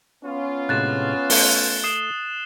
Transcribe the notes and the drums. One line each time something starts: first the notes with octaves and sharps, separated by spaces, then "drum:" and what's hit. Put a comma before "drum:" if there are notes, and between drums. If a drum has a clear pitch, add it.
B3 C#4 F4
A2 C3 G#3 F#6 A6 E7
A3 A4 G7, drum: open hi-hat
D#6 C7 E7